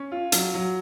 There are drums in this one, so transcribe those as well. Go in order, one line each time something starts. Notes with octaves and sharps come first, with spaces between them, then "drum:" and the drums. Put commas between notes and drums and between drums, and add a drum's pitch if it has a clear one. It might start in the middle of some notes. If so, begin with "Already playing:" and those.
Already playing: C#4
F4
F#3, drum: hi-hat
F#3